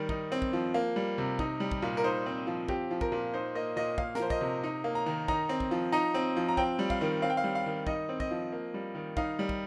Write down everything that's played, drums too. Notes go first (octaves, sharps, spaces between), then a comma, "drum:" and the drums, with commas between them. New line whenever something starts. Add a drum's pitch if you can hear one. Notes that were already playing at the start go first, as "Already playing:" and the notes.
Already playing: D#3 G3
D#4, drum: kick
C4
drum: kick
F3
A#3
G3
C3
D#4, drum: kick
G3
drum: kick
A#2
A#4
D#4 C5
C4
F3
C4 G4, drum: kick
F3
A#4, drum: kick
A#2
D#4 C5
A#3 D#5
A#2 D#5
A#3 F5, drum: kick
A#4, drum: snare
F3 C5
D#5, drum: kick
C3
D#4
A#3
A#5
D#3
D#4 A#5, drum: kick
C4
drum: kick
F3
D#4 A#5
C4
F3
A#5
C4 G5, drum: kick
G3
F5, drum: kick
D#3
C4 F5
G5
F5
G3
F5
D#3
D#4 D#5, drum: kick
C4
D#5, drum: kick
F3
A#3
G3
D#3
D#4 F5, drum: kick
G3
drum: kick